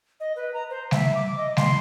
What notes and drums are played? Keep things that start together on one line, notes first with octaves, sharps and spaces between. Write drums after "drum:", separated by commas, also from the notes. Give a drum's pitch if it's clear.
D#5
B4
A#5
C5
E5, drum: snare G3
D6
D#5
C6, drum: snare G3